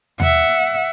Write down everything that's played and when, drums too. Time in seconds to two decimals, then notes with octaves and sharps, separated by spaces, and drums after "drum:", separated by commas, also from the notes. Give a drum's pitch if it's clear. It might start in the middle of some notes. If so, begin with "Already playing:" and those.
0.20 E5 F#5, drum: tom D#2